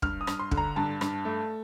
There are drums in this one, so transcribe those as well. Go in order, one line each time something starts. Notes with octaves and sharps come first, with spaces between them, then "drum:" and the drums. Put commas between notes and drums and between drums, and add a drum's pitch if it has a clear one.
G2 F6, drum: kick
D#6
G2, drum: rim click
C6
D3, drum: kick
A#5
G2 A5
G2, drum: rim click
A3